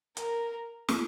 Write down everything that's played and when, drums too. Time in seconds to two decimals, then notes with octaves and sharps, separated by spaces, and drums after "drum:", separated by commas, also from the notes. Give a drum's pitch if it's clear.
0.17 A#4, drum: hi-hat
0.89 drum: snare